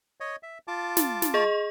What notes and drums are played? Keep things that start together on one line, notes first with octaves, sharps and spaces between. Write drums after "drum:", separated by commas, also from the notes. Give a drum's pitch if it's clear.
C#5 D#5
E5
F4 A5 D6
drum: snare
drum: snare
G#4 D#5 C#6